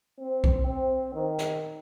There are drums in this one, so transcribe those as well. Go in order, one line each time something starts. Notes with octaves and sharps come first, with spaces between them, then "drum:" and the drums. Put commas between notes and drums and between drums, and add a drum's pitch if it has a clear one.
C4
drum: kick B1
C4
D#3
drum: snare